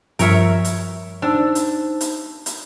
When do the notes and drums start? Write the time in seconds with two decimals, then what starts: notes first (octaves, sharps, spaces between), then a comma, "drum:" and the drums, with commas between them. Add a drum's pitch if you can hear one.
0.19 G2 F3 A#4 C#5 E5, drum: hi-hat
0.65 drum: hi-hat
1.22 D4 D#4 C5 E6
1.55 drum: hi-hat
2.01 drum: hi-hat
2.46 drum: hi-hat